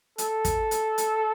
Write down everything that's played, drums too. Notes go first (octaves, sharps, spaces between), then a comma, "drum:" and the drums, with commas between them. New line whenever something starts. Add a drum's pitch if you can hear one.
A4, drum: hi-hat
drum: kick, hi-hat
drum: hi-hat
drum: hi-hat